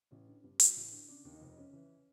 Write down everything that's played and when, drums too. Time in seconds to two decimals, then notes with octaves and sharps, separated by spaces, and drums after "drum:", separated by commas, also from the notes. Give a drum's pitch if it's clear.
0.11 A1 C#4
0.27 D3
0.43 G2
0.60 F#3, drum: hi-hat
0.76 A1
0.92 D3
1.08 C#3 D4
1.25 D#2
1.33 D#4
1.41 F1
1.57 C#3 C#4
1.73 E3